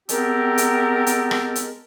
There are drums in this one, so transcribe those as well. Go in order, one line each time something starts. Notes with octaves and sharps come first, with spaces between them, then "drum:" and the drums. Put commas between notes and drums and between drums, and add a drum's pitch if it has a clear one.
G#3 B3 C4 G4 A4 A#4, drum: hi-hat
drum: hi-hat
drum: hi-hat
drum: rim click
drum: hi-hat